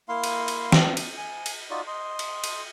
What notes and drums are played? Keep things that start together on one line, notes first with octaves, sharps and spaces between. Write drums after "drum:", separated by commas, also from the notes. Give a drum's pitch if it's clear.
A#3 E4 F5 C6
drum: cymbal
drum: cymbal
drum: snare
drum: cymbal
G#5
drum: cymbal
D#4 F4 F#4 D5
D#5 C6
drum: cymbal
drum: cymbal